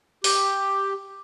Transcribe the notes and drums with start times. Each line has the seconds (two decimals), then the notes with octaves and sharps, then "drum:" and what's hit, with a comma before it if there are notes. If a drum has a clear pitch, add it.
0.24 G4, drum: open hi-hat